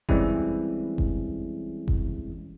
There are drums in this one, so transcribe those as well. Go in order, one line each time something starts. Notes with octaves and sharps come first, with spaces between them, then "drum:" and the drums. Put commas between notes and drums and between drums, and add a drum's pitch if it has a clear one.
E3 G3 G#3 C4 C#4 E4, drum: kick F#1
drum: kick F#1
drum: kick F#1